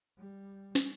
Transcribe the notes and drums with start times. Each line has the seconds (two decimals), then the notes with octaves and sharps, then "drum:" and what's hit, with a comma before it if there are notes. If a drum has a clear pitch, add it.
0.18 G3
0.75 drum: snare